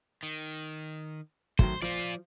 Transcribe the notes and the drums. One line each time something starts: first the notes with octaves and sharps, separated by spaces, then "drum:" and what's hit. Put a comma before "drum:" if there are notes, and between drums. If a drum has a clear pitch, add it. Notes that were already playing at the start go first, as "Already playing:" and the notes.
D#3
D#3 F#3 A3 C5, drum: kick
F3 F4 D5